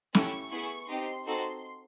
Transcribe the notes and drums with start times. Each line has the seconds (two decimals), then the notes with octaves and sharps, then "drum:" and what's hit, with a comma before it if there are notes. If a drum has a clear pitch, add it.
0.15 A3 C#4 E4 G4 C#6, drum: snare
0.52 B3 E4 G#4 C#6
0.89 C4 D#4 G4 C6
1.27 C4 D#4 F#4 A4 C6